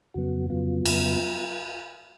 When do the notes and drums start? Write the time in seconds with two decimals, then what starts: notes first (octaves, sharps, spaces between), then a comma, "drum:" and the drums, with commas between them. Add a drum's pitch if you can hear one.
0.14 F2 C#3 F#3 B3 F#4
0.50 F2 C#3 F#3 B3 F4
0.85 F2 C#3 F#3 B3, drum: cymbal